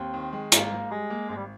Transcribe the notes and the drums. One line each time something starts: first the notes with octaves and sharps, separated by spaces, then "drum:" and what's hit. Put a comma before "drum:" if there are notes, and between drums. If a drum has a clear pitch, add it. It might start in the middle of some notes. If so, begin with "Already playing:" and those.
Already playing: D#2 C4
D#3
G#3
G#1 A#3, drum: hi-hat
G#2
G3 G#3
A#3
G#1 G#3
G3